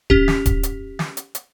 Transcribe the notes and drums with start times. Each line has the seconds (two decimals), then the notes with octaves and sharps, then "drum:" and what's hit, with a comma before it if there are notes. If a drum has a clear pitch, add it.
0.10 C#4 G4, drum: kick D1
0.28 drum: snare
0.46 drum: kick D1, hi-hat
0.63 drum: hi-hat
0.99 drum: snare
1.17 drum: hi-hat
1.35 drum: hi-hat